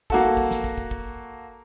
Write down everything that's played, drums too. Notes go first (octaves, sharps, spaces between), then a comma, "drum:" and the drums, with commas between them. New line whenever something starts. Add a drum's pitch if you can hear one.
A#3 F#4 A4, drum: kick
drum: kick
drum: snare
drum: kick
drum: kick
drum: kick